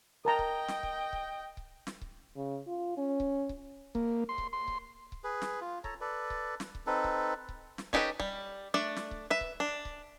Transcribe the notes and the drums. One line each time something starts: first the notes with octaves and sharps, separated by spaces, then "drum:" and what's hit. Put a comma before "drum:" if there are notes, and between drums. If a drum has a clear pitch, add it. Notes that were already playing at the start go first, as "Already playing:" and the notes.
A#4 D#5 G5 A5 A#5
drum: kick C#1
drum: snare
drum: kick C#1
drum: kick C#1
drum: kick C#1
drum: snare
drum: kick C#1
C#3
F4
C#4
drum: kick C#1
drum: kick C#1
A#3, drum: kick C#1
C6
drum: kick C#1
C6
drum: kick C#1
drum: kick C#1
G#4 B4
drum: snare
F4
A4 C#5 A5 A#5, drum: kick C#1
A4 B4 D5
drum: kick C#1
drum: snare
drum: kick C#1
C4 D#4 A4 B4
drum: kick C#1
drum: kick C#1
drum: snare
C#4 D#4 G4 A4 B4, drum: kick C#1
G3, drum: kick C#1
A3 D4 D5
drum: snare
drum: kick C#1
B4 E5
drum: kick C#1
D4
drum: kick C#1